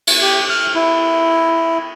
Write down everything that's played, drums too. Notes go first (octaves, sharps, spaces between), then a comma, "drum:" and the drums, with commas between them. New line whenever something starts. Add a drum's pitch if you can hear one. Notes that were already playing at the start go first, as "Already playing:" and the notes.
drum: cymbal
G4
F6
E4